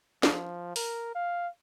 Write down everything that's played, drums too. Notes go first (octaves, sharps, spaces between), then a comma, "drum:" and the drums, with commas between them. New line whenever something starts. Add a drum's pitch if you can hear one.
F3, drum: snare
A#4, drum: open hi-hat
F5